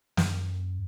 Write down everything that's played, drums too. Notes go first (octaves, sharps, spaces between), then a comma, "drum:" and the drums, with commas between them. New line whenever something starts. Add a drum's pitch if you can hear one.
F#2, drum: snare